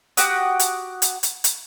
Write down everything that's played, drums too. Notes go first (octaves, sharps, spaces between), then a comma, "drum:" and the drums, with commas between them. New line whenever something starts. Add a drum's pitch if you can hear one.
F#4 G4 F#5 D#6, drum: hi-hat
drum: hi-hat
drum: hi-hat
drum: hi-hat
drum: hi-hat